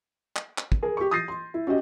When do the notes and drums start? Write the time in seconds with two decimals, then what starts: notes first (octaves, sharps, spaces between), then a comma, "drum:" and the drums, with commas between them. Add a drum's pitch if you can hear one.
0.36 drum: clap
0.58 drum: clap
0.72 drum: kick
0.83 G#4 A#4
0.97 G4 C#6
1.11 D#6 G6 A6 A#6 C7 D#7
1.28 C6
1.54 E4
1.67 C#4 F#4 G4 D#5